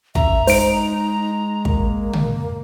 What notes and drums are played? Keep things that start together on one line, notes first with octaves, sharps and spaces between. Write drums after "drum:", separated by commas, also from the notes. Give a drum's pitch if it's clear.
F#2 E5 A#5, drum: kick
G#3 D#4 C5 D7, drum: open hi-hat
A#3, drum: kick
drum: tom